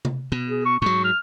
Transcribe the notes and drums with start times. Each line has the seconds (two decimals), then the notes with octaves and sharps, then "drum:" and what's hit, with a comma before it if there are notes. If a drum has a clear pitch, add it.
0.05 drum: tom C3
0.32 B2
0.49 G#4
0.66 C#6
0.82 G#2 F#3 C#6
1.04 F6